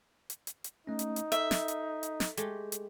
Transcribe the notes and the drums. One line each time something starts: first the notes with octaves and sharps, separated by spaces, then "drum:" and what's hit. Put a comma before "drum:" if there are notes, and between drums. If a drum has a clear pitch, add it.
drum: hi-hat
drum: hi-hat
drum: hi-hat
A3 C#4 D#4
drum: hi-hat
drum: hi-hat
A4 E5, drum: hi-hat
drum: snare
drum: hi-hat
drum: hi-hat
drum: snare
G#3 A3 G4, drum: hi-hat
drum: hi-hat